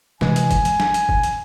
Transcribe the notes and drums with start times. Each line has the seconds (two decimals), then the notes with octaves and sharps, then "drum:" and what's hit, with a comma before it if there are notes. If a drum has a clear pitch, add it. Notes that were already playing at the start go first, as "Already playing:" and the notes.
0.21 C3 E3 G#3 G#5, drum: snare
0.36 drum: hi-hat
0.51 drum: kick G1, hi-hat
0.65 drum: hi-hat
0.80 drum: snare
0.94 drum: hi-hat
1.09 drum: kick G1
1.23 drum: hi-hat